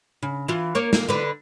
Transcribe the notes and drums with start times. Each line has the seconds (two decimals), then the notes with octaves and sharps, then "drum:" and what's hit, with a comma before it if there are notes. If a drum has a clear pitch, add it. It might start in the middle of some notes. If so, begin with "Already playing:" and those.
0.23 C#3
0.48 E3 F4
0.75 A#3 C#5
0.93 A#3, drum: snare
1.09 D3 B4